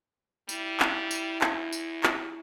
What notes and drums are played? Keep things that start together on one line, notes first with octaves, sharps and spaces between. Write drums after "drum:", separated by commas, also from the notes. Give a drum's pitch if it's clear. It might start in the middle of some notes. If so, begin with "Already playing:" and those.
G3 E4, drum: tambourine
drum: clap
drum: tambourine
E2, drum: clap
drum: tambourine
drum: clap